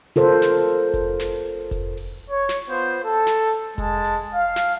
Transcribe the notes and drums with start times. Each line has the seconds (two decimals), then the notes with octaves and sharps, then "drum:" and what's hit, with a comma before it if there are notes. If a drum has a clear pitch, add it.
0.16 F4 A4 A#4 C5, drum: hi-hat
0.42 drum: snare
0.68 drum: hi-hat
0.94 drum: kick F1, hi-hat
1.19 drum: snare
1.45 drum: hi-hat
1.71 drum: kick F1, hi-hat
1.97 drum: open hi-hat
2.30 C#5
2.49 drum: snare
2.69 B3 F4 C5
3.05 A4
3.27 drum: snare
3.52 drum: hi-hat
3.78 G#3 A5, drum: kick F1, hi-hat
4.04 drum: open hi-hat
4.35 F5
4.56 drum: snare